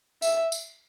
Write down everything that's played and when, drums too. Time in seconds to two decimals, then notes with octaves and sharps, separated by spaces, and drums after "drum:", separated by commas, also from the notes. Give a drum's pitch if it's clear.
0.22 E5, drum: tambourine
0.52 drum: tambourine